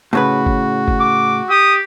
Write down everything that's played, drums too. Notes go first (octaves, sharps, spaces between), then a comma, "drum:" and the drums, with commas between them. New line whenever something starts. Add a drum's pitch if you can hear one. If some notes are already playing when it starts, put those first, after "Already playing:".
A2 C#3 F#4 B4
drum: kick G1
drum: kick G1
D6
G4 D#6